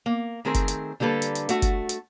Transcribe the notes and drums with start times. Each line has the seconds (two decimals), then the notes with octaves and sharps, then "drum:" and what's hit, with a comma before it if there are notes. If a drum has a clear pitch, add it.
0.06 A#3
0.45 D#3 A3 C4 G#4 A#4 C5
0.55 drum: kick F#1, hi-hat
0.68 drum: hi-hat
1.00 D3 G3 A#3 A4 B4
1.22 drum: hi-hat
1.35 drum: hi-hat
1.49 A3 F#4, drum: hi-hat
1.62 drum: kick F#1, hi-hat
1.89 drum: hi-hat